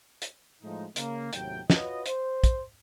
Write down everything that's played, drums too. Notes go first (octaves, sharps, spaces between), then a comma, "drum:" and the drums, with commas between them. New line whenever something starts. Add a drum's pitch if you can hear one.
drum: hi-hat
A2 F3 G#3 A3 D#4
C#3 A#3, drum: hi-hat
D#2 A2 C3 F#3 G5, drum: hi-hat
F4 F#4 B4 C#5 D#5, drum: snare
C5, drum: hi-hat
drum: kick, hi-hat